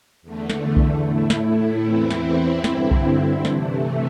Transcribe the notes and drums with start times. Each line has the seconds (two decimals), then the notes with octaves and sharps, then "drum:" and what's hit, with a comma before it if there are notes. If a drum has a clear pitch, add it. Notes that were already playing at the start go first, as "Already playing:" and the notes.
0.22 E2 D3 A3
0.50 drum: snare
0.76 drum: kick B1
1.03 A2 A3 E4
1.30 drum: snare
1.84 E2 E3 C4 E4
2.11 drum: snare
2.64 G2 D3 C4 E4, drum: snare
2.91 drum: kick B1
3.45 C3 E3 A3, drum: snare